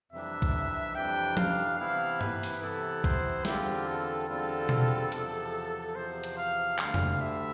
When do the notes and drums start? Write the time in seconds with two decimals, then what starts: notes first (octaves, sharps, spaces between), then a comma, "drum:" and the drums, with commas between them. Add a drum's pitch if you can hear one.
0.12 F2 C3 E3 G3 D4 E5
0.42 drum: kick B1
0.95 F2 C3 E3 G3 D4 G5
1.37 F5, drum: tom F3
1.78 C3 E3 B3 E4 F5
2.21 B4, drum: tom G2
2.43 drum: open hi-hat
2.62 C3 E3 B3 E4 A4
3.04 C5, drum: kick B1
3.45 E2 D3 G3 C4 F4 G4, drum: snare
3.87 A4
4.28 E2 D3 G3 C4 F4 A4
4.69 drum: tom B2
5.12 E2 C3 F3, drum: hi-hat
5.95 E2 C3 F3 C5
6.24 drum: hi-hat
6.37 F5
6.78 D2 D3 G3 F5, drum: clap
6.94 drum: tom F2
7.21 E5